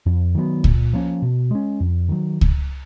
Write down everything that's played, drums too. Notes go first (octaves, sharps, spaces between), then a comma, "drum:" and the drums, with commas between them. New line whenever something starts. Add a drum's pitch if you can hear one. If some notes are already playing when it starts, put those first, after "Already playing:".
F2
D#3 F#3 B3
A#2, drum: kick C#2
F3 A#3 C#4
B2
G#3 C#4
F2
D#3 F#3
drum: kick C#2